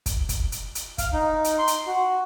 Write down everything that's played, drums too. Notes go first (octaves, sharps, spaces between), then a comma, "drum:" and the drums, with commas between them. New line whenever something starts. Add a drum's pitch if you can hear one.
drum: kick, hi-hat
drum: kick, hi-hat
drum: hi-hat
drum: hi-hat
F5, drum: kick, hi-hat
D#4
drum: hi-hat
C6
drum: hi-hat
F#4